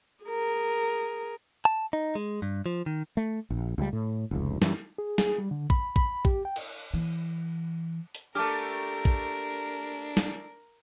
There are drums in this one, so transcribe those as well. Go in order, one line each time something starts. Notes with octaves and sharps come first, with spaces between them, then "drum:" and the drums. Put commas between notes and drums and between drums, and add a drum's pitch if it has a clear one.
G#4 A#4
A5
D#4
G#3
G2
F3
D#3
A3
A#1
C#2 G3
A2
F1 C#2
F#2 E3 G3, drum: snare
G#4
G#4, drum: snare
G3
D3
B5, drum: kick
B5, drum: kick
G4, drum: kick
G5
drum: cymbal
E3
drum: hi-hat
A3 D4 G4 A#4 A5 D6 F6
drum: kick
drum: snare